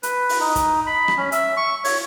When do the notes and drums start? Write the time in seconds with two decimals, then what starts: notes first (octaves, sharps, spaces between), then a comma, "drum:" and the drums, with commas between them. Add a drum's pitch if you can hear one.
0.03 B4, drum: hi-hat
0.29 drum: open hi-hat
0.40 D#4
0.56 drum: kick, hi-hat
0.87 B5
1.08 drum: rim click
1.17 C#4
1.32 E5, drum: hi-hat
1.57 C#6
1.84 C#5, drum: open hi-hat